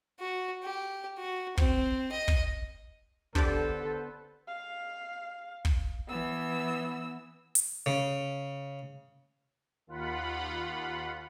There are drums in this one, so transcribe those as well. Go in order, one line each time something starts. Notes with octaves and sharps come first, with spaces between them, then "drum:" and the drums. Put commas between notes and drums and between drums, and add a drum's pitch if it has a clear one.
F#4
G4
F#4
C4, drum: kick
D#5
drum: kick
D3 B3 D4 G4 A4 C5 D5, drum: kick
F5
drum: kick
E3 B3 E6
drum: hi-hat
C#3
D#2 F4 F#5 B5